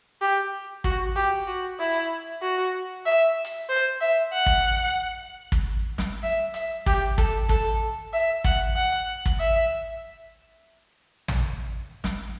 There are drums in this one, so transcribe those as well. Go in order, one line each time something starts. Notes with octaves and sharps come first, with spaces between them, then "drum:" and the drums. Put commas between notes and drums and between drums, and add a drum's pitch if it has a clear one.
G4
F#4, drum: kick
G4
F#4
E4
F#4
E5
drum: hi-hat
C5
E5
F#5
drum: kick
drum: kick
drum: snare
E5
E5, drum: hi-hat
G4, drum: kick
A4, drum: kick
A4, drum: kick
E5
F#5, drum: kick
F#5
drum: kick
E5
drum: tom
drum: snare